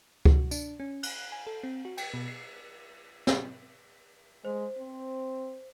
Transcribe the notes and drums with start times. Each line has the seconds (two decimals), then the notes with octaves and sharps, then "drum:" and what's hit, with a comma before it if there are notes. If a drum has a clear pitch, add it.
0.25 F#4, drum: kick C#2
0.51 D4, drum: tambourine
0.80 C#4
1.03 F#6, drum: cymbal
1.32 G#5
1.47 A4
1.63 C4
1.85 F#4
1.97 G5, drum: cymbal
2.14 B2
2.28 C7
3.27 drum: snare
4.45 G#3 C5
4.78 C4